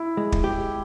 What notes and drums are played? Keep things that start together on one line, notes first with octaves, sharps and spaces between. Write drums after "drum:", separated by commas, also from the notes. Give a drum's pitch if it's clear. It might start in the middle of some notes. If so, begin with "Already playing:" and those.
Already playing: E4
G#3
drum: kick
G4